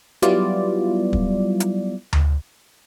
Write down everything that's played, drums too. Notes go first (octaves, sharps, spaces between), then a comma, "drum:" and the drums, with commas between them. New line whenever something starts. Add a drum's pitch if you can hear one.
F#3 G3 B3 E4 F4 D5, drum: hi-hat
drum: kick
drum: hi-hat
drum: tom D2